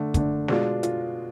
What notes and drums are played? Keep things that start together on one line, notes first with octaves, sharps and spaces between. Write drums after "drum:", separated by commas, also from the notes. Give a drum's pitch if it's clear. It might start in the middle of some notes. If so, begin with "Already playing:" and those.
Already playing: D3 A3 D4
D3 A3 D4, drum: kick, hi-hat
B2 G#3 D4 F4, drum: snare
F4, drum: hi-hat